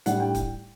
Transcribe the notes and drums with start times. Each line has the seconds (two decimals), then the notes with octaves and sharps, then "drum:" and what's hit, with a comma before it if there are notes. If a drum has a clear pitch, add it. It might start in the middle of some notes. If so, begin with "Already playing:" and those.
0.06 A2 G3 D4 F#5, drum: hi-hat
0.20 G5
0.35 drum: kick, hi-hat